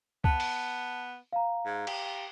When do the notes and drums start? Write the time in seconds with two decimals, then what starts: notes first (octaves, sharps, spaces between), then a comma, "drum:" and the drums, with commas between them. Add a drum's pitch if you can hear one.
0.24 B3 A5, drum: kick
0.40 drum: open hi-hat
1.33 F5 A#5
1.66 G#2
1.87 G4, drum: cymbal